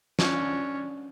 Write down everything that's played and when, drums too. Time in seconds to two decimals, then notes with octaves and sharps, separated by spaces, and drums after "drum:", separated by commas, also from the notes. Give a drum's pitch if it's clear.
0.19 C#4 D4, drum: snare